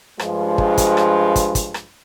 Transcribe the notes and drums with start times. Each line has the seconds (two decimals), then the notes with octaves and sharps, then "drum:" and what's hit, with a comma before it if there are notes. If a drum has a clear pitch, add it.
0.19 G2 F3 G#3, drum: rim click
0.58 drum: kick
0.78 drum: kick, hi-hat
0.97 drum: rim click
1.36 drum: kick, hi-hat
1.55 drum: kick, hi-hat
1.74 drum: rim click